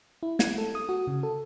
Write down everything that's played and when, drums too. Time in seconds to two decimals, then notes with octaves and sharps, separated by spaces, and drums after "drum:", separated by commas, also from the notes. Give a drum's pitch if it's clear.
0.23 E4
0.39 G#6, drum: snare
0.58 A4
0.75 D#6
0.89 F#4
1.07 C#3
1.23 A4